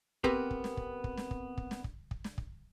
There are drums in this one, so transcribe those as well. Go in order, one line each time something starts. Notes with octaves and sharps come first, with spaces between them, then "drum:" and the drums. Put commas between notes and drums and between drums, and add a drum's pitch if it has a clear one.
B3 C4 G4 A#4 B4, drum: kick
drum: kick
drum: snare
drum: kick
drum: kick
drum: snare
drum: kick
drum: kick
drum: snare
drum: kick
drum: kick
drum: snare
drum: kick